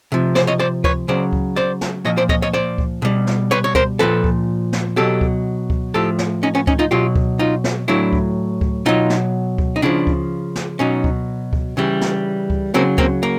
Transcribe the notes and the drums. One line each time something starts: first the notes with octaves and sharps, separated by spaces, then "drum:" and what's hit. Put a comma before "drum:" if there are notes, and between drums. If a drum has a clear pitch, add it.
C3 F3
C5 D5, drum: snare
C#5 D#5
C5 D5
B4 C#5, drum: kick C#2
C#3 F#3 C5 D5
drum: kick C#2
C5 D5
drum: snare
A#2 F3 C#5 D#5
C5 D5
C#5 D#5, drum: kick C#2
C#5 D#5
C5 D5
drum: kick C#2
B2 G3
drum: snare
B4 C#5
C#5
A#4 C5, drum: kick C#2
A#2 F3 A4 B4
drum: kick C#2
drum: snare
B2 F#3 G4 A4
drum: kick C#2
drum: kick C#2
A2 F3 G4 A4
drum: snare
C#4 D#4
B3 C#4
C#4 D#4, drum: kick C#2
D#4 F4
B2 F#3 F4 G4
drum: kick C#2
D#4 F4
drum: snare
A2 F#3 D4 E4
drum: kick C#2
drum: kick C#2
B2 F#3 D#4 F4
drum: snare
drum: kick C#2
D#4
C#3 F3 D4 E4
drum: kick C#2
drum: snare
B2 F#3 C#4 D#4
drum: kick C#2
drum: kick C#2
C#3 E3 G3
drum: snare
drum: kick C#2
C#3 F#3 A#3 C4
A#3 C4, drum: kick C#2
A#3